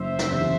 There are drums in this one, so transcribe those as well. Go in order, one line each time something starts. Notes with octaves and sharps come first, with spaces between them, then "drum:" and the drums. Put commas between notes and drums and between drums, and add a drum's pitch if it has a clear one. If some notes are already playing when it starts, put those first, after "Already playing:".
Already playing: F#1 C5 E5
drum: snare
E2 C3 E3